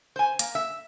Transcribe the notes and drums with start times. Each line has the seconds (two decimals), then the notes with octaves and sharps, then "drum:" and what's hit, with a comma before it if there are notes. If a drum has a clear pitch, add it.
0.16 C5 G#5
0.39 A#3, drum: hi-hat
0.55 E5